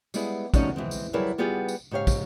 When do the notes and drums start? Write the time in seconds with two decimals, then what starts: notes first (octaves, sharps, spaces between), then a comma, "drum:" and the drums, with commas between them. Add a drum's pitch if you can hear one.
0.14 G3 G#3 B3 E4 G#4, drum: tambourine
0.54 D3 F3 F#3 A3 C#4 D#4, drum: kick, tambourine
0.76 E3 G#3 C4
0.91 drum: tambourine
1.13 F#3 G3 E4 G#4 A#4 B4
1.38 G3 B3 F4 G4 G#4
1.68 drum: tambourine
1.91 G#2 C#3 G4 C#5 F5
2.07 drum: kick, tambourine